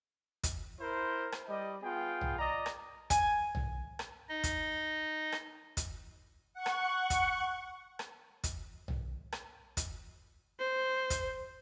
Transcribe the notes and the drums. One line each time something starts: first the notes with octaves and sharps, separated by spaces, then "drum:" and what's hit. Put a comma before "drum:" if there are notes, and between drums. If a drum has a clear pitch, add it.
drum: kick, hi-hat
E4 A#4 C5
drum: rim click
G3 D5 D#5
B3 F4 G#4 G5
drum: tom
D5 D#5 A#5
drum: rim click
G#5, drum: kick, hi-hat
drum: tom
drum: rim click
D#4 D#5
drum: kick, hi-hat
drum: rim click
drum: kick, hi-hat
F#5 C#6
drum: rim click
drum: kick, hi-hat
drum: rim click
drum: kick, hi-hat
drum: tom
drum: rim click
drum: kick, hi-hat
C5
drum: kick, hi-hat